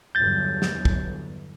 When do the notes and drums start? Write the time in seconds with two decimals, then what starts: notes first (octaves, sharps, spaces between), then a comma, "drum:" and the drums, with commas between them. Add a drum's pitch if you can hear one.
0.15 G1 E2 F#3 G6 A6
0.62 drum: snare
0.85 drum: kick